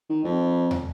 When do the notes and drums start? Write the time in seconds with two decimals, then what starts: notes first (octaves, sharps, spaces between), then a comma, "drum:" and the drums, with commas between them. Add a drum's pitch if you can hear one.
0.09 D#3
0.24 F2
0.71 drum: tom